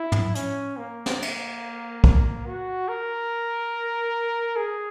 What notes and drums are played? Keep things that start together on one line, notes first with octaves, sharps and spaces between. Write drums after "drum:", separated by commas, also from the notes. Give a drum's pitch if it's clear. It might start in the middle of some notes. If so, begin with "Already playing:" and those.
Already playing: E4
drum: tom
C#4, drum: hi-hat
A#3
drum: snare
drum: cymbal
A#3, drum: kick
F#4
A#4
G#4